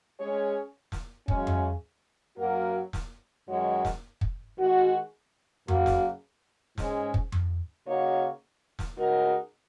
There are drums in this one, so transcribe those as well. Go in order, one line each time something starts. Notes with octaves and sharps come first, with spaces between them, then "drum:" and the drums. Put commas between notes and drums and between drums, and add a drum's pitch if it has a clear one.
G#3 C#4 G#4 C#5
drum: snare
F#2 C#3 G#3 C#4, drum: kick
drum: tom F2
F#2 F#3 A#3 F#4 A#4
drum: snare
F#2 D#3 G#3 F#4 C#5
drum: snare
drum: kick
D#3 G#3 F#4
F#2 C#3 A#3 F#4, drum: tom F2
drum: snare
G#2 G#3 C#4, drum: snare
drum: kick
drum: tom F2
C#3 A#3 D#4 F#4 C#5
drum: snare
C#3 G#3 D#4 F#4 A#4